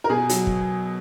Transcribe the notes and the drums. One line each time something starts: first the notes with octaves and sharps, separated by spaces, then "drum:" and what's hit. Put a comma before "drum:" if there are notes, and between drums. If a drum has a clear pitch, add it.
A#4
B2 G#4
F#3, drum: hi-hat
drum: kick